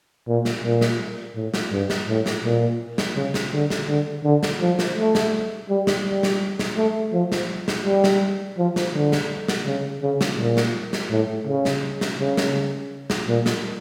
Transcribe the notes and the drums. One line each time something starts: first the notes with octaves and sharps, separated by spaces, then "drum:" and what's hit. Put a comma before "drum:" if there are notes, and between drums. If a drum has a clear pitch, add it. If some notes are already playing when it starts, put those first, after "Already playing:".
A#2
drum: snare
A#2
drum: snare
A2
drum: snare
G2
drum: snare
A2
drum: snare
A#2
drum: snare
C#3
drum: snare
D3
drum: snare
D3
D3
drum: snare
F3
drum: snare
A3
drum: snare
G3
drum: snare
G3
drum: snare
drum: snare
A3
F3
drum: snare
drum: snare
G3
drum: snare
F3
drum: snare
D3
drum: snare
drum: snare
C#3
C#3
drum: snare
A#2
drum: snare
drum: snare
A2
C#3
drum: snare
drum: snare
C#3
drum: snare
drum: snare
A#2
drum: snare